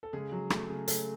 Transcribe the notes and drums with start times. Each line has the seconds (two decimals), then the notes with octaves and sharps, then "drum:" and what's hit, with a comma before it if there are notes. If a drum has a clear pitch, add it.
0.03 A4
0.13 C#3 G#3 G#4
0.32 F#3
0.50 A3, drum: rim click
0.69 C#3
0.88 C#3 A3 A4, drum: hi-hat